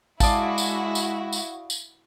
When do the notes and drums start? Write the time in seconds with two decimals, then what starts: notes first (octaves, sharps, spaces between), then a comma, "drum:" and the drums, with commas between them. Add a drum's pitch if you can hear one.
0.20 G#3 E4 F#4 D5 F5 A5 D#6, drum: kick A1, tambourine
0.58 drum: tambourine
0.95 drum: tambourine
1.33 drum: tambourine
1.70 drum: tambourine